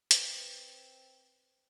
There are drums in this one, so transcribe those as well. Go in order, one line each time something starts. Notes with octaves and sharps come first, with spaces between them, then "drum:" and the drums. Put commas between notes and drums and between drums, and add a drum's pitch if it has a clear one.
C4 B4, drum: hi-hat